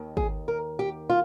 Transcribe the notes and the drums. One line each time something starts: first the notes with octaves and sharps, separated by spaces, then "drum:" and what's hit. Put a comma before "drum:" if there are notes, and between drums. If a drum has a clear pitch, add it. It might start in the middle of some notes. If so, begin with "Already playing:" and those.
Already playing: D#2 D#3
G#4, drum: kick
A#4
G4
F4